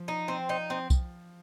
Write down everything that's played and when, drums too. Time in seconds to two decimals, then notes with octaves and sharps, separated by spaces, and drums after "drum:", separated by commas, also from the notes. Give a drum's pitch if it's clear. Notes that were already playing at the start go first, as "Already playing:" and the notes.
Already playing: F3
0.08 D#4
0.28 C4
0.49 D#4
0.70 C4
0.90 drum: kick B1, tambourine